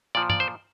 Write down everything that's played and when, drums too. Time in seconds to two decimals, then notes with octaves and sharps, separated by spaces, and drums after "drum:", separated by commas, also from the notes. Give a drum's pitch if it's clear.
0.15 A#2 F3 D5
0.30 D5, drum: tom G2
0.40 C5